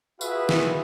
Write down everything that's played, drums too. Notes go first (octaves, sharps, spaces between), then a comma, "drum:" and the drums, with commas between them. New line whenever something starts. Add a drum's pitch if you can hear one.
F4 F#4 G#4 B4 E5, drum: tambourine
drum: snare